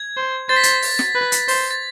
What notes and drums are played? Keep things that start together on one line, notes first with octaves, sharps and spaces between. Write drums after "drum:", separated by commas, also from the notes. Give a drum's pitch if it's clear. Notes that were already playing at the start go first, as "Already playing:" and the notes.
Already playing: G#6
C5
C5 A6
B6
A6, drum: hi-hat
drum: open hi-hat
drum: snare
B4
drum: hi-hat
C5, drum: open hi-hat
A6